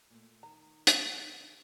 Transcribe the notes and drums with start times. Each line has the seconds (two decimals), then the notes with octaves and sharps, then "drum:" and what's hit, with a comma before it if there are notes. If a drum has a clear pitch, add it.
0.10 A#2 A3
0.43 D#3 A#5
0.87 drum: hi-hat